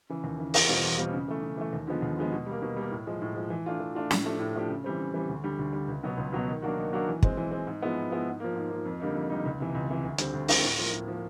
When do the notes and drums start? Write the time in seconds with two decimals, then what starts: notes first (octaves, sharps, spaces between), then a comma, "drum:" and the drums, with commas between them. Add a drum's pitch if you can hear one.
0.10 C#3 E3
0.24 D#2
0.39 C#3 E3
0.54 E2, drum: open hi-hat
0.69 B2 G3 C4 F4
0.83 E2
0.98 B2 G3 C4 F4
1.13 C#3
1.28 E3 A3
1.43 C#3
1.57 E3 A3
1.73 D#2
1.87 D3 F3 G#3 B3
2.02 D#2
2.17 D3 F3 G#3 B3
2.32 B2
2.46 G3 A#3
2.62 B2
2.76 G3 A#3
2.91 A2
3.07 F3 G#3
3.22 A2
3.35 F3 G#3
3.50 E3
3.66 A3 D4 F4
3.80 E3
3.95 A3 D4 F4
4.11 A2, drum: snare
4.24 F3 A3 D4 G4
4.40 A2
4.55 F3 A3 D4 G4
4.69 C#3
4.84 E3 G3 C4
4.99 C#3
5.14 E3 G3 C4
5.29 D2
5.44 D3 G3
5.59 D2
5.73 D3 G3
5.88 C#2
6.03 B2 F#3 B3
6.17 C#2
6.32 B2 F#3 B3
6.48 D#3
6.62 F#3 A#3 D4 F#4
6.77 D#3
6.93 F#3 A#3 D4 F#4
7.08 E3
7.23 G#3 C4, drum: kick
7.37 E3
7.51 G#3 C4
7.67 G#2
7.82 F3 G#3 B3 E4
7.97 G#2
8.11 F3 G#3 B3 E4
8.26 G#2
8.40 F3 A#3
8.55 G#2
8.70 F3 A#3
8.85 F2
9.00 D3 G3 A#3 D#4
9.14 F2
9.30 D3 G3 A#3 D#4
9.45 C#2
9.60 C3 E3
9.75 C#2
9.89 C3 E3
10.03 D2
10.18 D3 G3 C4, drum: hi-hat
10.33 D2
10.48 D3 G3 C4, drum: open hi-hat
10.64 A2
10.78 F3 A#3
10.93 A2
11.08 F3 A#3